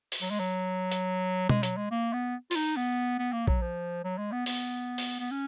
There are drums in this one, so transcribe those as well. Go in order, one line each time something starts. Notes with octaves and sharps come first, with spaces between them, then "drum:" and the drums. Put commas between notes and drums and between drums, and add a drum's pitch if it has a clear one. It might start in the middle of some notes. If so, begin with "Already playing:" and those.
drum: open hi-hat
F#3
G#3
F#3
drum: hi-hat
G#3, drum: tom B2
F#3, drum: hi-hat
G#3
A#3
B3
F4, drum: open hi-hat
D#4
B3
B3
A#3
F#3, drum: kick A#1
F3
F#3
G#3
B3
B3, drum: open hi-hat
drum: open hi-hat
B3
C#4